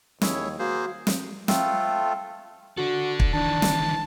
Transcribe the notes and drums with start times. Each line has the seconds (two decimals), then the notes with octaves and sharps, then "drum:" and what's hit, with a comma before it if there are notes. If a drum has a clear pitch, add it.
0.21 D#2 E4 G#4 C#5, drum: snare
0.59 A#3 F#4 G#4 C5
1.07 drum: snare
1.48 A3 C4 F4 A4, drum: snare
2.77 D4 F#4 A4
3.20 drum: kick
3.33 D#3 E3 D4 A5
3.62 drum: snare